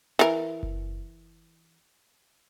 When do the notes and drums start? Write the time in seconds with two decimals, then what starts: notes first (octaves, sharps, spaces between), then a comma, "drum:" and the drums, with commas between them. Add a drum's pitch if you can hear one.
0.19 E3 A#4, drum: hi-hat
0.63 drum: kick F#1